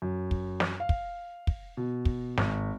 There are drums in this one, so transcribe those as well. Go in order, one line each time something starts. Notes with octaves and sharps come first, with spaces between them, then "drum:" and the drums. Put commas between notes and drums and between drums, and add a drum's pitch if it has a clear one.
F#2
drum: kick
drum: snare
F5
drum: kick
drum: kick
B2
drum: kick
G#1, drum: snare